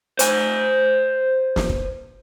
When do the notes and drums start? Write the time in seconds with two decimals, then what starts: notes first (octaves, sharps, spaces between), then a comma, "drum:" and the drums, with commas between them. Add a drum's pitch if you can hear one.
0.19 C5 G#5, drum: hi-hat
1.56 drum: snare
1.69 drum: kick